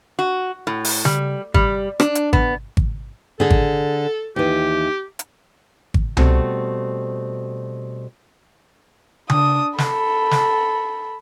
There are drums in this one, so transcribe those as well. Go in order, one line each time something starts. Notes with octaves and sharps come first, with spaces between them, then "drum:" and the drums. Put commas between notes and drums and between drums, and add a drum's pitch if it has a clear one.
F#4
A2
drum: open hi-hat
G3, drum: tom C#3
G3, drum: kick G#1
D4, drum: rim click
drum: hi-hat
B3, drum: kick G#1
drum: kick G#1
D3 G#4 A4
drum: kick G#1
D#2 E3 G4
drum: hi-hat
drum: kick G#1
B2 G3 A3 C4 F4 F#4, drum: tom C2
D4 D#6, drum: tom C#3
A4 B5, drum: snare
drum: snare